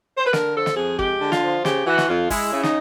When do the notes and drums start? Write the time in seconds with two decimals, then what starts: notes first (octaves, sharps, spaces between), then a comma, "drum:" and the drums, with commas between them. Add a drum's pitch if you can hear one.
0.18 C5
0.26 B4
0.33 D3 A#4, drum: snare
0.55 F3 A4
0.66 drum: snare
0.77 F2 G#4
0.99 G#3 G4, drum: kick
1.20 D3
1.32 F4, drum: snare
1.42 F3
1.65 C#3 G4, drum: snare
1.86 E3 F#4
1.98 drum: snare
2.09 F2 F4
2.30 G#3 E4, drum: kick, open hi-hat
2.53 C#3
2.63 D#4, drum: snare